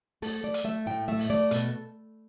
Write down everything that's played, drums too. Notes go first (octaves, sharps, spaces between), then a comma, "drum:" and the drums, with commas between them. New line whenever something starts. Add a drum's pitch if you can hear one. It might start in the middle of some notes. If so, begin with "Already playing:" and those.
A3 A4, drum: open hi-hat
A3 D5
drum: hi-hat
A3 E5
A2 G5
A3 E5
drum: open hi-hat
A3 D5
B2 A4, drum: hi-hat